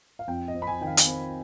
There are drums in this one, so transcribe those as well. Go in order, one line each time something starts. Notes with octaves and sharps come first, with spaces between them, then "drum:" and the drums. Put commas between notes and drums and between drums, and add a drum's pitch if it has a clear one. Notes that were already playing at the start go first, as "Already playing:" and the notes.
F5
F2 G5
D#5
C4
B5
G#5
D#3 G5
F5
drum: hi-hat
C4